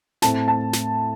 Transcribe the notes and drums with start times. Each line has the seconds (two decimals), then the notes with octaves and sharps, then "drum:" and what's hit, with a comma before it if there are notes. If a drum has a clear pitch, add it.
0.22 A2 A3 C4 A5, drum: snare
0.48 A5
0.73 drum: snare